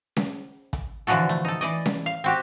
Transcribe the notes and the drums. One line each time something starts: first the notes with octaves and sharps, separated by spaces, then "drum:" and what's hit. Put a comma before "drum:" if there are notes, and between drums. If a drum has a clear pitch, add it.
drum: snare C#4
drum: kick, hi-hat
A#2 D3 E3 F3 F#4 A4
A3
D#4 A4
E3 D5 D#5
drum: snare C#4
F5
C4 F#4 G4